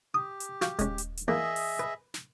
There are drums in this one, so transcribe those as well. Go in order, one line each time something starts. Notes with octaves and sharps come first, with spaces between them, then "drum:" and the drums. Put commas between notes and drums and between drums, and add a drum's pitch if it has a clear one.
G4 D#6
drum: hi-hat
F#4 F5 G5, drum: snare
G#3 C#4, drum: kick D#1, hi-hat
drum: hi-hat
drum: hi-hat
E2 A#3 G#4 D#5 E5
drum: open hi-hat
B4
drum: snare